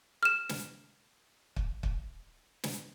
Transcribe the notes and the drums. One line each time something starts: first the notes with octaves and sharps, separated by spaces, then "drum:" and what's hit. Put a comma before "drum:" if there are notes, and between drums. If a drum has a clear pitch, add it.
F6 E7
drum: snare
drum: kick
drum: kick
drum: snare